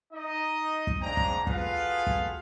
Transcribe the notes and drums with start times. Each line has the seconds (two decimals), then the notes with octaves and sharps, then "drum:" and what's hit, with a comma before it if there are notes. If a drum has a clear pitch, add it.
0.13 D#4 D#5
0.87 drum: kick
1.02 G#2 C#3 D4 C5 G5 A#5
1.17 drum: kick
1.47 F4 F#4 G#4 A4 B4 F5, drum: kick
2.07 drum: kick